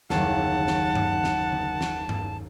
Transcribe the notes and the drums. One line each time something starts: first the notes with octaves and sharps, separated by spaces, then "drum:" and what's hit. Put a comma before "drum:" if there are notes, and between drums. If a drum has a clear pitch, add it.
F#1 D#2 F#5 A5, drum: snare
drum: tom D3
drum: snare
drum: tom G2
drum: snare
drum: tom D3
drum: snare
drum: tom G2